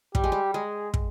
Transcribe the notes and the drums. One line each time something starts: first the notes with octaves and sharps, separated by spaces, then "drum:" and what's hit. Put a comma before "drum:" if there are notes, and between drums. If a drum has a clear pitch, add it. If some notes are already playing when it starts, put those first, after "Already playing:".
G3 G4, drum: kick
G#3
G3
G#3 G#4
drum: kick